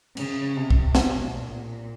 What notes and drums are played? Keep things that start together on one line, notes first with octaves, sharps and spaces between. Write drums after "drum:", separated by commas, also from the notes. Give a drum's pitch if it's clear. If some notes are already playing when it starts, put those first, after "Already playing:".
C#3, drum: cymbal
C3
drum: kick
B2, drum: snare
A#2